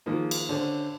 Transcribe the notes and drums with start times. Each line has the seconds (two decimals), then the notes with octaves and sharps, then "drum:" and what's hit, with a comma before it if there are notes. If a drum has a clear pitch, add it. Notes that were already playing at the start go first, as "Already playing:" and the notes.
0.06 D#3 F3 G#3 A#3 D#4
0.31 drum: cymbal
0.49 D3 C#4 C5